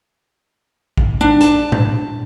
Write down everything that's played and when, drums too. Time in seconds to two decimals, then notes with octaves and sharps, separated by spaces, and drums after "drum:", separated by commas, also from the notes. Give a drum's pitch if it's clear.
0.97 drum: kick
1.21 D4
1.41 A5, drum: hi-hat
1.72 drum: tom A2